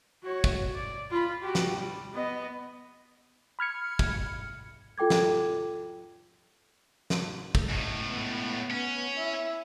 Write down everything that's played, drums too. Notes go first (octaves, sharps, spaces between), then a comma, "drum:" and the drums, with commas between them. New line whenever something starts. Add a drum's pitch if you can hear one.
F#4 C#5
drum: kick
D5
F4 B5
F#4 G4
drum: snare
G3
B3 D#5
B5 F6 G#6 C#7
drum: kick
F4 A4 G5 D6 G#6
drum: snare
drum: snare
drum: kick
C#2 A2
B3
C#4
E4